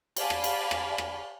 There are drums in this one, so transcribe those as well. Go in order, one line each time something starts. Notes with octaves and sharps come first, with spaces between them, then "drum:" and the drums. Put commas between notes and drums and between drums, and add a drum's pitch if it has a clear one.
D5 F5 G#5 A5 B5, drum: cymbal
drum: rim click
drum: cymbal
drum: rim click
drum: rim click